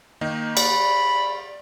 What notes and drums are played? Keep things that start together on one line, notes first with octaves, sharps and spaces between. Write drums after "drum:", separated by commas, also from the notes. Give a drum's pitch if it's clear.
D#3 A#3 D#4
D5 B5, drum: cymbal